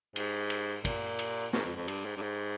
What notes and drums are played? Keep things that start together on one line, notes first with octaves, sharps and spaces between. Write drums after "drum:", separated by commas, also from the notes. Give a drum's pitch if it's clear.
G#2, drum: cymbal
drum: cymbal
A#2, drum: kick, cymbal
drum: cymbal
G#2, drum: snare
F2
F2
G2, drum: cymbal
G#2
G2
G#2